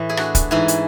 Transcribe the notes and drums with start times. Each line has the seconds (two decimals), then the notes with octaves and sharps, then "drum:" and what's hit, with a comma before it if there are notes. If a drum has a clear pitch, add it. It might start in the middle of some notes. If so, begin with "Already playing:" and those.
Already playing: A2 E3
0.09 E4 G#4
0.17 D4 F#4, drum: rim click
0.35 drum: kick, hi-hat
0.51 G#2 E3 E4 G#4
0.68 drum: hi-hat